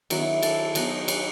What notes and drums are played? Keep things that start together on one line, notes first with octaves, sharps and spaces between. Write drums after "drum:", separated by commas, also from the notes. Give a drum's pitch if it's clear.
D#3 F#3 B3 E4, drum: cymbal
E4
A4, drum: cymbal
F#3 B3 D#4, drum: cymbal
B4, drum: cymbal